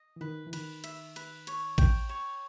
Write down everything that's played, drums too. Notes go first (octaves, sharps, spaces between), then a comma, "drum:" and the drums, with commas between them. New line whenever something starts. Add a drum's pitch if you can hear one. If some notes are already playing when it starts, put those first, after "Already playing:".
Already playing: D#5
E3
D#3 B4
E3
D#3 B4, drum: cymbal
E5, drum: cymbal
B4, drum: cymbal
C#5, drum: cymbal
G5, drum: kick A1, cymbal
C#5